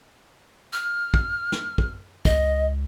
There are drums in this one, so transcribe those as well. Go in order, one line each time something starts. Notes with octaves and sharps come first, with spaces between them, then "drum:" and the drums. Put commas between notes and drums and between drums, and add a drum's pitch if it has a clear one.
F6
drum: kick
drum: snare
drum: kick
C#2 D#5, drum: kick